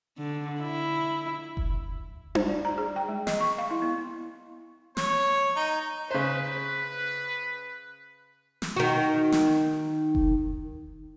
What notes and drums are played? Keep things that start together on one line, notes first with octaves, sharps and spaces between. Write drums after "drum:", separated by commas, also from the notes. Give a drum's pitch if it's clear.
D3
E4
drum: kick F1
C5, drum: tom D4
D5
A#5
G#4
G5
G#3
D#5, drum: snare
C#6
F5
E4
B3
C#5, drum: snare
D#4
C#3 B4 C5
drum: snare
D#3 F#4
drum: snare
drum: kick F1